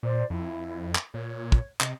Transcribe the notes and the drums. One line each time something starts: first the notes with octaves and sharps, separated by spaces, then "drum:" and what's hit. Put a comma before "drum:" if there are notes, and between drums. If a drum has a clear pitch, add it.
A#2 C5 D5
F2 E4
drum: clap
A#2 C#5
drum: kick
C3 D#5, drum: clap